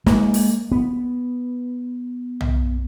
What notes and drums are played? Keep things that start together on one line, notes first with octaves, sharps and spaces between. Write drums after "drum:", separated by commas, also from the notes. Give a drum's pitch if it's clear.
G#3 A#3, drum: snare
drum: open hi-hat
B3
drum: tom